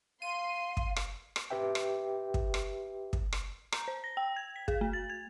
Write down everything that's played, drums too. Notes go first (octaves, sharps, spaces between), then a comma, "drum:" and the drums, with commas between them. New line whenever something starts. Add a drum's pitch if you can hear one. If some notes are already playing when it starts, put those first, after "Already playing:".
F5 C6 D#7
drum: kick
drum: rim click
drum: rim click
G4 B4 E5 G5
drum: rim click
drum: kick
drum: rim click
drum: kick
drum: rim click
A#5, drum: rim click
C5
A#6
G5
G#6
B6
G#4, drum: kick
A3
A6
G#6